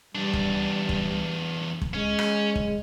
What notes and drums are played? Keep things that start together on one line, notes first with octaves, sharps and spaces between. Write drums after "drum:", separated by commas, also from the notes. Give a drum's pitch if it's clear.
E2 G3 D4
drum: kick
drum: kick
drum: kick
G#3 C#4
drum: rim click
drum: kick